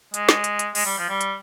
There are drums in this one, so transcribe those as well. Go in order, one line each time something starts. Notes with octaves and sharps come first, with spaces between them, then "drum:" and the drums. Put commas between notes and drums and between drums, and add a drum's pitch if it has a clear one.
G#3, drum: hi-hat
drum: snare
drum: hi-hat
drum: hi-hat
G#3, drum: open hi-hat
G3
F3
G3
drum: hi-hat